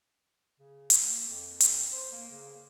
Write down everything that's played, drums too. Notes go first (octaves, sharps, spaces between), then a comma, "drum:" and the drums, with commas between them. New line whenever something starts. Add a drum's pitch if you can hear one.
C#3
drum: hi-hat
A#3
F2
drum: hi-hat
C5
A#3
C#3